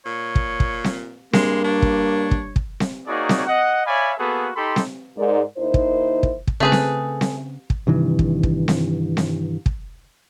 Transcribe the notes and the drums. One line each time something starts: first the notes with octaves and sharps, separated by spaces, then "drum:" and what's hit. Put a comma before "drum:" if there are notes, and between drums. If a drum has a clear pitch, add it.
A#2 C#5
drum: kick
drum: kick
drum: snare C4
G2 G#3 A#3 C6, drum: snare C4
D4 C#5
drum: kick
drum: kick
drum: kick
drum: snare C4
A#3 D#4 F#4 G#4 C#5 D5
drum: snare C4
D#5 F#5
C#5 D5 E5 F5 G#5 B5
A#3 B3 F#4 G#4 A4 B4
D#4 G4 A4 B5 C6
drum: snare C4
G#2 A#4 D5
D#2 D#4 E4 A#4 C5
drum: kick
drum: kick
drum: kick
C#3 A3 C4 G#4 B4
drum: snare C4
drum: snare C4
drum: kick
G2 C3 D#3 E3
drum: kick
drum: kick
drum: snare C4
drum: snare C4
drum: kick